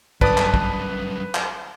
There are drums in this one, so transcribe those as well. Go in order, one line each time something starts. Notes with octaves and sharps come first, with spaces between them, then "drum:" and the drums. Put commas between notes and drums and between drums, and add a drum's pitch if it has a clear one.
G1 F#2 G3 D4 B4 D#6, drum: kick
drum: clap
drum: kick
drum: clap